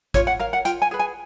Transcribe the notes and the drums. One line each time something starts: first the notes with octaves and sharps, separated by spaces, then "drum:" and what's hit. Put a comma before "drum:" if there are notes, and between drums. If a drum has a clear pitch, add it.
F4 C#5, drum: kick, hi-hat
F#5
A#4 F5
F#5
F4 G5, drum: hi-hat
G#5
G#4 B4
G#5